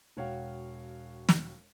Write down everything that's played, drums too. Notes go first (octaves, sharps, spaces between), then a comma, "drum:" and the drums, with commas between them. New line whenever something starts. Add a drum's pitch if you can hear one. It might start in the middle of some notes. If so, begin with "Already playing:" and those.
E1 F#4 C#5 F5 G5
drum: snare